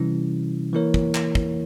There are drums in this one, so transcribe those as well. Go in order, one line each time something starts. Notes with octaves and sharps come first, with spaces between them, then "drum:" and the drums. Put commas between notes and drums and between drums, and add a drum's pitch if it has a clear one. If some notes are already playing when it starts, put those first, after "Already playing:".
Already playing: C3 E3 G3 C#4 E4
E3 A#3 E4 A#4 C#5
drum: kick
drum: clap
drum: kick